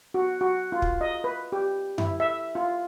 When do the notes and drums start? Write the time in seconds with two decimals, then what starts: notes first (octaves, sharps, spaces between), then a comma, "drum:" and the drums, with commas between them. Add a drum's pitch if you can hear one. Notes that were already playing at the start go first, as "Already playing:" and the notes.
0.14 F#4
0.41 F#4
0.72 F4
0.82 drum: kick
1.01 D#5
1.24 B4
1.52 G4
1.98 E4, drum: tom F#2
2.20 E5
2.55 F4